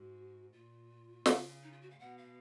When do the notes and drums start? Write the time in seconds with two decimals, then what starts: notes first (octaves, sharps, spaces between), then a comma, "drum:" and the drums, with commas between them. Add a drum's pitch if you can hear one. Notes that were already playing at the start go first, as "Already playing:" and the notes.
Already playing: G#2 F#4
0.53 A#2 F4
1.26 C#3, drum: snare
1.63 D#4
1.72 F4
1.81 F#4
1.90 F5
2.00 B2 F#5
2.18 F5